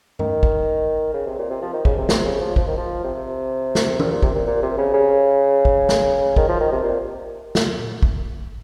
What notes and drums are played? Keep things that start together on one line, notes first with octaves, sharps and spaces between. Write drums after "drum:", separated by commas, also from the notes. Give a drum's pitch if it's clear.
D#3, drum: tom G2
drum: kick
C#3
C3
A#2
C3
F3
D#3
C#3, drum: kick
C3
C3, drum: snare
C#3
F3
F3, drum: kick
D#3
F3
C3
drum: snare
A#2, drum: tom
A#2
C3, drum: kick
A#2
A#2
C3
C#3
C#3
drum: kick
drum: snare
D#3, drum: kick
F3
D#3
C3
A#2
drum: snare
drum: tom A#2
drum: kick